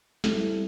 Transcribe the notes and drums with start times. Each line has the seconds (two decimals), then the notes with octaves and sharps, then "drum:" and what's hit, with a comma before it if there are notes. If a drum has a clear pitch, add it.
0.24 G3 C4 E4 A4, drum: snare